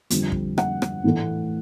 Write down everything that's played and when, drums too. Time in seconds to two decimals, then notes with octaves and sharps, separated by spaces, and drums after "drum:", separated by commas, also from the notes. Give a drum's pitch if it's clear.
0.10 F2 D3 G3, drum: hi-hat
0.32 drum: kick
0.58 F#5, drum: rim click
0.82 drum: rim click
1.04 A2 E3 A3